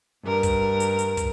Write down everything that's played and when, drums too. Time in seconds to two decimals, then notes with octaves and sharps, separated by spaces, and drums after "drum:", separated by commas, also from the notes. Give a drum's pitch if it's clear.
0.25 G2 A#4
0.43 drum: kick, hi-hat
0.80 drum: hi-hat
0.99 drum: hi-hat
1.17 drum: kick, hi-hat